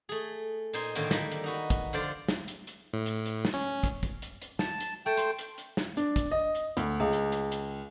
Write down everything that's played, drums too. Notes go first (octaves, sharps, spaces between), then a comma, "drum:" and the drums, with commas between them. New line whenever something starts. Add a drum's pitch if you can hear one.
A3 G#4
A#2 D#4 C5 G#5 C6, drum: hi-hat
A2 D3 D#3 A#3, drum: hi-hat
G3 A#3 B5, drum: snare
drum: hi-hat
D#4 F#4 B4
drum: kick, hi-hat
D3 F3 F4 C5 D5
drum: snare
drum: hi-hat
drum: hi-hat
A2
drum: hi-hat
drum: hi-hat
drum: snare
C#4
drum: kick, hi-hat
drum: kick, hi-hat
drum: hi-hat
drum: hi-hat
A5, drum: snare
drum: hi-hat
A3 G5 A5
C5, drum: hi-hat
drum: hi-hat
drum: hi-hat
drum: snare
D4, drum: hi-hat
drum: kick, hi-hat
D#5
drum: hi-hat
D2, drum: hi-hat
C#2
drum: hi-hat
drum: hi-hat
drum: hi-hat